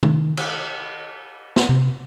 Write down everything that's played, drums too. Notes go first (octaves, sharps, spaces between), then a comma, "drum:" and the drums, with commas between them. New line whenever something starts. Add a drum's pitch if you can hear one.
D#3, drum: tom
drum: cymbal
drum: snare
C3